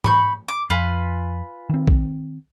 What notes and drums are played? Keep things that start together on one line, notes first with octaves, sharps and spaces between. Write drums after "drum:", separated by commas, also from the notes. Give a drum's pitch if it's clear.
B5 C#6 G6, drum: tom G#2
D6
F2 F4 B4 G#5
D#3 C4
drum: kick